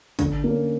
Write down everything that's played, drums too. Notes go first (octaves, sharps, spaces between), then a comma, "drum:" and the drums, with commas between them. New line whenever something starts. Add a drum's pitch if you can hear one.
D3, drum: kick, hi-hat
A#3 C#4